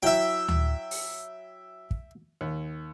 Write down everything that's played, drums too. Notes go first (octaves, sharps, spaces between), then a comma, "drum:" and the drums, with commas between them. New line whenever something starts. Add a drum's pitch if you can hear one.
F#3 E4 E5 G5
drum: tom D2
drum: open hi-hat
drum: kick
D#2